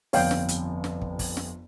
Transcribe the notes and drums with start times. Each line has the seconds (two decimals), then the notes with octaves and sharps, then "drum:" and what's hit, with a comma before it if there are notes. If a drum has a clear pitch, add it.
0.13 G1 F2 C#5 F5 G5, drum: open hi-hat
0.31 drum: snare
0.49 drum: hi-hat
0.84 drum: snare
1.01 drum: kick
1.19 drum: kick, open hi-hat
1.37 drum: snare